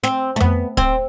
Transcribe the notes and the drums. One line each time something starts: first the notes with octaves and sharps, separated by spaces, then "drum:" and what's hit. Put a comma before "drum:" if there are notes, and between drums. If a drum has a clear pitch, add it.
C4, drum: snare
A3
B3, drum: tom F2
C4, drum: kick